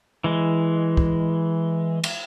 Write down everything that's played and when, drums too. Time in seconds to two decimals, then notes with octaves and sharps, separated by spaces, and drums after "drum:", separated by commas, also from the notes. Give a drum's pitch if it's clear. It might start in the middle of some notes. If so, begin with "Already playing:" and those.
0.24 E3 G#3
0.97 drum: kick
2.04 drum: cymbal